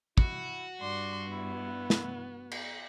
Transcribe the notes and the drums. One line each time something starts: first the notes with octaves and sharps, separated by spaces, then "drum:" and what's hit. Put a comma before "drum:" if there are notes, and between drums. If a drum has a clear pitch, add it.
E4 F#4, drum: kick
G2 D5 C6
B3 E4
drum: snare
drum: cymbal